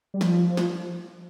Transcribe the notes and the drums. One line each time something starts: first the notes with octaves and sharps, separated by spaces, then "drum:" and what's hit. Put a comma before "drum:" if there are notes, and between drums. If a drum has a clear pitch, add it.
G3
F3, drum: snare
drum: snare